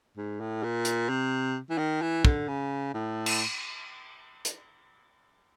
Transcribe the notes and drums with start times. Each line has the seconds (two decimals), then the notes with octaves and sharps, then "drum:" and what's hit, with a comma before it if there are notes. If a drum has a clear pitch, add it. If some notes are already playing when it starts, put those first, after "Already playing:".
0.17 G#2
0.40 A2
0.63 A#2
0.85 drum: hi-hat
1.09 C3
1.70 E3
1.78 D#3
2.02 E3
2.25 D3, drum: kick
2.48 C#3
2.94 A2
3.26 drum: cymbal
4.45 drum: hi-hat